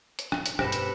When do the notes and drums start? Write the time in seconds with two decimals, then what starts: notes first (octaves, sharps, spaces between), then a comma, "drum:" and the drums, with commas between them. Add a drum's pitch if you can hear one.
0.19 drum: hi-hat
0.32 drum: rim click
0.46 drum: hi-hat
0.59 G2 B2 G4 A4 B4 C5 A#6 E7, drum: rim click
0.72 drum: hi-hat